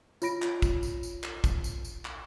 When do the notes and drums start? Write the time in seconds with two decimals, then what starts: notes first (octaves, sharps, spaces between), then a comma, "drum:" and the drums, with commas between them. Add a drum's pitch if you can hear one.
0.22 F4 C#5 B5 A#6 D7, drum: tambourine
0.42 drum: clap
0.62 drum: kick, tambourine
0.83 drum: tambourine
1.03 drum: tambourine
1.23 drum: clap
1.44 drum: kick, tambourine
1.64 drum: tambourine
1.85 drum: tambourine
2.05 drum: clap